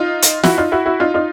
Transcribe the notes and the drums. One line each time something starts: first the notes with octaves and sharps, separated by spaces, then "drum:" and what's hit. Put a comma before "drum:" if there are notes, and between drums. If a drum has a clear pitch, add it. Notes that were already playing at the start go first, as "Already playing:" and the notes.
Already playing: D#4 F4
drum: hi-hat
E4 F#4, drum: snare
D#4 F4
E4 F#4
E4 F#4
D#4 F4
D#4 F4